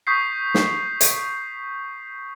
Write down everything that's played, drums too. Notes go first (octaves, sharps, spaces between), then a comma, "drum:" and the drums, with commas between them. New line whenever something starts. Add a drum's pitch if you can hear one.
C#6 D#6 G6 B6 C7
drum: snare
drum: hi-hat